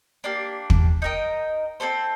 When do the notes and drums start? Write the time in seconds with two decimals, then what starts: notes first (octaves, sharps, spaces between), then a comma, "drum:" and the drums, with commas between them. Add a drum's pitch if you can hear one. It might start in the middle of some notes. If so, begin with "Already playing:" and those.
0.24 A#3 D4 G4
0.70 drum: kick
1.02 D#4 A#4 D#5 G5
1.80 C4 D#4 A4 C5